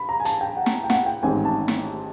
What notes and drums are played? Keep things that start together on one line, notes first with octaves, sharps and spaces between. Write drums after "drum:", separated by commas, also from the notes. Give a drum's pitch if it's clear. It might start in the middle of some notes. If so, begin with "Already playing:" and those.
Already playing: B5
A#5
G#5
A5, drum: hi-hat
G5
F#5
drum: snare
G5
F#5, drum: snare
G5
A1 G#2 D#3 G#3 C4 G#5
A5
drum: snare